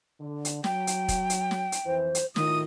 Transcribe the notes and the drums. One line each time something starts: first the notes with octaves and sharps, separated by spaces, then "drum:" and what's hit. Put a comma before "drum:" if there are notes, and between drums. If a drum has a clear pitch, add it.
D3
drum: hi-hat
F#3 G5, drum: snare
drum: hi-hat
drum: kick, hi-hat
drum: hi-hat
drum: snare
drum: hi-hat
F2 E3 C5
drum: hi-hat
A2 D#3 F4 D#6, drum: snare